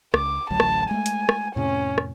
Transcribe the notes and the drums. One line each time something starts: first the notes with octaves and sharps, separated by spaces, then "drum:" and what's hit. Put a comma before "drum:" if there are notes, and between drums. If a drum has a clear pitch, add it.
C#2 D6, drum: rim click
A1 D2 F#3 A5
drum: rim click
G#3 A3 G#5
drum: hi-hat
drum: rim click
F2 A2 C3 C#4
drum: rim click